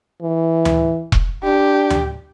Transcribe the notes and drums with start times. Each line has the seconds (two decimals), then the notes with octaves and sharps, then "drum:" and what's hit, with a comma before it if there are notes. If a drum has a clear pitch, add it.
0.21 E3
0.65 drum: tom D2
1.12 drum: kick E1
1.43 D4 G4
1.90 drum: tom D2